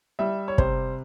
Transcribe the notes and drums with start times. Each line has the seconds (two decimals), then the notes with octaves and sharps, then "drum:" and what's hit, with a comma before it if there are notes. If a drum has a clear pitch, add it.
0.19 G3 E5
0.48 C#5
0.58 C3 C5, drum: kick